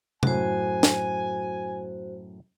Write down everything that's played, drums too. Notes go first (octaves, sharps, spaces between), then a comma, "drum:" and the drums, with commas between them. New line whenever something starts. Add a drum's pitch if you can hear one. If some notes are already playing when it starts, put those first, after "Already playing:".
F#2 A2 F#4 C5 G#5, drum: tom C3
drum: snare